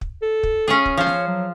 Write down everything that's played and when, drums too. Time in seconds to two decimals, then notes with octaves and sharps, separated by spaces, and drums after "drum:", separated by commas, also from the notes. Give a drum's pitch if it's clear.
0.01 drum: kick
0.22 A4
0.43 drum: kick
0.68 C#4 F4 G#4
0.85 drum: kick
0.97 F3 C5 C#5
1.07 drum: snare
1.28 F#3